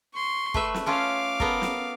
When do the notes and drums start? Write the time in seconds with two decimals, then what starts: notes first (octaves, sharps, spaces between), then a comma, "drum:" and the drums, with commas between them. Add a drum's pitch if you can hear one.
0.14 C6 C#6
0.54 A3 B4 E5, drum: kick
0.74 drum: snare
0.86 C#4 F4 A4 F5 D6
1.40 B3 A4 A#4, drum: kick
1.62 drum: snare